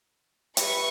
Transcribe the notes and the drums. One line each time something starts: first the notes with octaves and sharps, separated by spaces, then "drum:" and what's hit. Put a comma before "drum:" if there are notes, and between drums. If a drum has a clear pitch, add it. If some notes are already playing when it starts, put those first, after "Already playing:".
G4 B4 E5 G5 C#6, drum: hi-hat